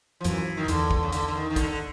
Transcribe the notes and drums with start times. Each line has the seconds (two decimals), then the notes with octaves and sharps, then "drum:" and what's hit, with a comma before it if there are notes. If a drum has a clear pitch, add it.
0.20 F3
0.24 F#2 E3, drum: hi-hat
0.57 D#3
0.68 E2 D3, drum: hi-hat
0.91 drum: kick
1.03 C#3
1.12 D3, drum: hi-hat
1.28 D3
1.35 D#3
1.50 D#3
1.56 D3, drum: kick, hi-hat
1.68 D3